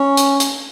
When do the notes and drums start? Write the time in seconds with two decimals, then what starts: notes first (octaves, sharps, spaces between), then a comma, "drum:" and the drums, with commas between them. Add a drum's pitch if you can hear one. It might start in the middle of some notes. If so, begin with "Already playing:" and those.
Already playing: C#4
0.17 drum: hi-hat
0.40 drum: hi-hat